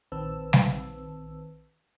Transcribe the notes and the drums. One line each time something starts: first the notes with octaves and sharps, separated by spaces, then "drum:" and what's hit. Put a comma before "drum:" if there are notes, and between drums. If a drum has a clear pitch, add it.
A#1 D#3 C4 B4 A5 E6
drum: snare G3